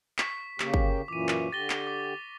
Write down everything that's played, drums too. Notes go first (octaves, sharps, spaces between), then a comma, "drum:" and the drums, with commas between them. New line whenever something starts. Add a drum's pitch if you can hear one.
C#6 B6, drum: clap
C#3 A#3 G4, drum: clap
drum: kick
F#2 A#2 E3 D6 D#7
drum: clap
D3 G4 A6 A#6 G7
drum: clap
D6